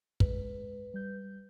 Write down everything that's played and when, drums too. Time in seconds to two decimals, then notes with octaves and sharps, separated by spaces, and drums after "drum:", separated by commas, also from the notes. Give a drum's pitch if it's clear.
0.20 G#3 B4, drum: kick
0.94 G3 G6